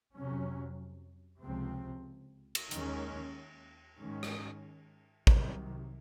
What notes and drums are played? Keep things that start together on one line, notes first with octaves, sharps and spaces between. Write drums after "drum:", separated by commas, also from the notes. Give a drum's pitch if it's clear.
F2 C3 F#3 C#4
C#2 C3 F3 C4
drum: cymbal
D#2 D#3 G#3 C#4, drum: hi-hat
G#2 D#3 G#3 C#4
drum: rim click
C2 C3 D#3 F#3, drum: kick